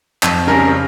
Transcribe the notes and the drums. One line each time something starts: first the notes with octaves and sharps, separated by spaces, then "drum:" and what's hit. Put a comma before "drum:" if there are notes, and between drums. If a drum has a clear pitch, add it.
F2, drum: clap
C#3 G3 C#4 A#4
C#3